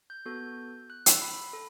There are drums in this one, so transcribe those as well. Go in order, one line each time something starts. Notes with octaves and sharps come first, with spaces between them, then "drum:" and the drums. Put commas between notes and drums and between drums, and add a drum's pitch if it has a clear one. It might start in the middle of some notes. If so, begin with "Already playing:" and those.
G6
B3 F#4 A4 G6
F#6
E6, drum: hi-hat
B5
A4